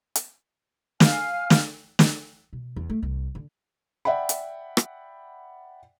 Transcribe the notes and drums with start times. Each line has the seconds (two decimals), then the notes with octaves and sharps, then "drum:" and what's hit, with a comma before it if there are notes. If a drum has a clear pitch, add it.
0.16 drum: hi-hat
1.00 F5 G#5 F6, drum: snare
1.50 drum: snare
1.99 drum: snare
2.53 B2
2.76 E2
2.90 A3
3.03 C2
3.35 D3
4.05 D5 E5 F#5 G5 B5
4.29 drum: hi-hat
4.77 drum: rim click